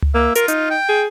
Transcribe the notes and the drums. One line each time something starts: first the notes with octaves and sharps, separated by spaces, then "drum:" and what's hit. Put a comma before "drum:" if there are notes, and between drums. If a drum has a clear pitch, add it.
drum: tom C#2
A#3 E5
F4 A#4, drum: hi-hat
D#4, drum: hi-hat
G5
G#4